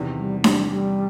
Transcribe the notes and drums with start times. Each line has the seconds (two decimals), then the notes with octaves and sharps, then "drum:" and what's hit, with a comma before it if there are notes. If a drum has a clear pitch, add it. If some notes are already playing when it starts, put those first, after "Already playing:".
Already playing: E2 C3 D#3
0.19 G3
0.44 G3, drum: snare D4
0.71 G3